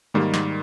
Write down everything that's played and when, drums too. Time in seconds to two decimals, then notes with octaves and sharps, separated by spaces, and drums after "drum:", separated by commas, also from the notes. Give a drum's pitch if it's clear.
0.14 G#2 D#3 G3 A#3
0.34 G#2, drum: snare